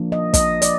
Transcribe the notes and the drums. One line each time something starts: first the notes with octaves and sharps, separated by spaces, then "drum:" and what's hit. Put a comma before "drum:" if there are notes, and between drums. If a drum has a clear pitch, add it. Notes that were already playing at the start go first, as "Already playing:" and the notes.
Already playing: F3 A#3 D4
D#5
D#5, drum: kick, hi-hat
D5, drum: hi-hat